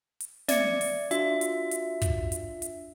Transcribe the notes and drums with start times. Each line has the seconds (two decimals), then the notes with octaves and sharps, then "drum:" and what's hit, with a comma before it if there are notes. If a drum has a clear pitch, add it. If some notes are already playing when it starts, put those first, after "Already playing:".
0.20 drum: hi-hat
0.49 D5 E5 G#6 C#7, drum: snare
0.81 drum: open hi-hat
1.11 D4 F4 F#4 E5, drum: hi-hat
1.41 drum: hi-hat
1.71 drum: hi-hat
2.02 drum: kick, hi-hat
2.32 drum: hi-hat
2.62 drum: hi-hat